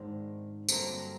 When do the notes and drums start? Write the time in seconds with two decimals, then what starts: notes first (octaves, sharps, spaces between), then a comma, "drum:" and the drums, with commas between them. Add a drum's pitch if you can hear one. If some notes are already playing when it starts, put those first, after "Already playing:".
Already playing: G#2 D#3 G#3 C4 D4
0.69 G2 D3 F#3 A#3 C4, drum: tambourine